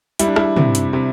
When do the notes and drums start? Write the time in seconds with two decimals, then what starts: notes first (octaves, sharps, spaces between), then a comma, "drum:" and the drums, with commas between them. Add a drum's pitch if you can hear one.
0.19 G3 E4, drum: hi-hat
0.28 D4
0.36 E4, drum: rim click
0.56 C3, drum: tom
0.75 drum: hi-hat
0.93 C3